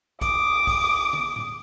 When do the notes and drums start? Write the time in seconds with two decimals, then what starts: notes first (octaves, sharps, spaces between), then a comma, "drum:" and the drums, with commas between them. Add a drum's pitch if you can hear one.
0.21 D6 D#6, drum: kick A#1, hi-hat
0.67 drum: kick A#1, open hi-hat
1.13 drum: tom
1.36 drum: tom A2